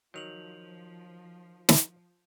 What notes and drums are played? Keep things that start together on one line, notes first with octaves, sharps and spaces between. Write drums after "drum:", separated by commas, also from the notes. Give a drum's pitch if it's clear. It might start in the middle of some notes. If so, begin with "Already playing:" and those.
D#3 F3 F#3 G6 F7 F#7
drum: snare